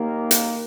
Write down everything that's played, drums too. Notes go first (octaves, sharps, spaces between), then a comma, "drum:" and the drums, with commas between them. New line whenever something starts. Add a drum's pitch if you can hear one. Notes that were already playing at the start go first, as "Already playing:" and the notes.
Already playing: D#2 D#3 A#3
drum: hi-hat